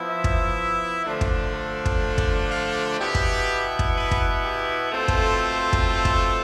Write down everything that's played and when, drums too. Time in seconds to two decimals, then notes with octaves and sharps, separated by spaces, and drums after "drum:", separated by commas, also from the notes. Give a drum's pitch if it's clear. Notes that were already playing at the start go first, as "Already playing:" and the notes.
Already playing: F3 B3 E4
0.08 E5
0.24 drum: kick
1.05 D3 F3 A3 D4
1.21 drum: kick
1.53 A4
1.86 drum: kick
2.18 drum: kick
2.50 F4
2.99 B2 B3 E4 G4
3.15 drum: kick
3.79 drum: kick
3.95 B4
4.11 drum: kick
4.44 G4
4.92 B2 A3 C4 F4 A4
5.08 drum: kick
5.73 drum: kick
5.89 A4
6.05 drum: kick